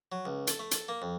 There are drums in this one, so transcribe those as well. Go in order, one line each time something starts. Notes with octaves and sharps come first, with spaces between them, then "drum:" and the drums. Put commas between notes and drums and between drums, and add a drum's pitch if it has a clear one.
F#3
C#2
A4, drum: hi-hat
A3
A4, drum: hi-hat
A#3
F2